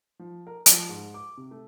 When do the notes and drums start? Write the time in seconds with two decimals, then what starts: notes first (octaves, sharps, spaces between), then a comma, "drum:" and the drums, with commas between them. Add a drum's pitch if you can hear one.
0.19 F3
0.47 A#4
0.66 F3, drum: hi-hat
0.89 G#2
1.14 D6
1.37 C3
1.51 A3